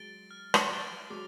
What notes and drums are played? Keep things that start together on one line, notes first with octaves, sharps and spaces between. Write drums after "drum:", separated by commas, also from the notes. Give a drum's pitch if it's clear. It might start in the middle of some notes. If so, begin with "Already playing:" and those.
Already playing: F#3 G#3 A6 D7 G7
F6
drum: rim click
A6 D7 G7
F#3 G#3 D6